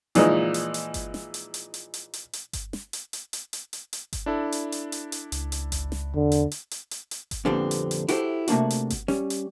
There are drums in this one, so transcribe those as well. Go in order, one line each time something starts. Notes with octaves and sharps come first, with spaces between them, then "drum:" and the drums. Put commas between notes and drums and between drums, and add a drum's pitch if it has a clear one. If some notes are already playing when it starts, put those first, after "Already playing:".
A#2 E3 F3 G#3 D#4, drum: hi-hat
drum: hi-hat
drum: hi-hat
drum: kick G1, hi-hat
drum: snare
drum: hi-hat
drum: hi-hat
drum: hi-hat
drum: hi-hat
drum: hi-hat
drum: hi-hat
drum: kick G1, hi-hat
drum: snare
drum: hi-hat
drum: hi-hat
drum: hi-hat
drum: hi-hat
drum: hi-hat
drum: hi-hat
drum: kick G1, hi-hat
D4 E4 A4
drum: hi-hat
drum: hi-hat
drum: hi-hat
drum: hi-hat
C#2, drum: hi-hat
drum: hi-hat
drum: kick G1, hi-hat
drum: snare
E2 D3
drum: hi-hat
drum: hi-hat
drum: hi-hat
drum: hi-hat
drum: hi-hat
drum: kick G1, hi-hat
F2 A#2 D3 G3 B3 C4
drum: hi-hat
drum: hi-hat
E4 F#4 G4 A4 A#4 C5, drum: hi-hat
C3 A3 A#3 D4 F#4, drum: hi-hat
drum: hi-hat
drum: kick G1, hi-hat
G3 C#4, drum: snare
drum: hi-hat